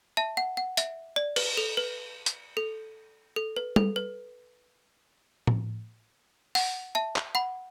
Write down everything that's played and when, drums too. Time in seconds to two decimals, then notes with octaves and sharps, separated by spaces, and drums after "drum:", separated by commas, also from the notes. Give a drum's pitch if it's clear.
0.17 E5 A5
0.37 F#5
0.57 F#5
0.77 E5, drum: hi-hat
1.16 D5
1.36 B4, drum: cymbal
1.57 A4
1.77 B4
2.26 drum: hi-hat
2.57 A4
3.36 A4
3.56 B4
3.76 A4, drum: tom
3.96 B4
5.47 drum: tom A2
6.55 F#5, drum: open hi-hat
6.95 E5 A5
7.16 drum: clap
7.35 F#5 B5